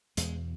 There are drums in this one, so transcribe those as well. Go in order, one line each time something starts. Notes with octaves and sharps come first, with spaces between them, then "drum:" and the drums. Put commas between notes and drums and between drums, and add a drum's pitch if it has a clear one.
E2 B2 G#3, drum: hi-hat